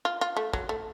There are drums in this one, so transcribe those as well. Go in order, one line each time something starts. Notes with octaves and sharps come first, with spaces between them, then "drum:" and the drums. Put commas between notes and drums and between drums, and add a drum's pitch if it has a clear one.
F4
F4
A3
F#3, drum: kick
A3